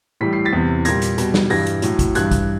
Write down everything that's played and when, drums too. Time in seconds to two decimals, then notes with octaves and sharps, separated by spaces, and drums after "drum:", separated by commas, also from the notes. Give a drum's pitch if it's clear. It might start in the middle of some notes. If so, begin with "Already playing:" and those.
0.21 A2 E3 G3 B6
0.33 C7
0.45 A6 B6
0.52 E2 C3 E3
0.85 A#2 G3 G#6 A#6, drum: hi-hat
1.02 drum: hi-hat
1.18 B2 G3, drum: hi-hat
1.34 drum: snare
1.50 G2 E3 G3 G#6 A#6, drum: open hi-hat
1.67 drum: hi-hat
1.82 A2 F#3, drum: hi-hat
1.99 drum: kick, hi-hat
2.15 G2 E3 G3 F#6 G#6, drum: hi-hat
2.31 drum: kick, hi-hat